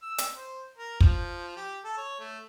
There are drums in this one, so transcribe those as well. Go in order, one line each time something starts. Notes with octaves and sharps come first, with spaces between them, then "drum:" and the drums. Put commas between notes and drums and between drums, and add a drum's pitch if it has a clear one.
E6
drum: hi-hat
C5
A#4
F3, drum: kick
G4
A4
C#5
A3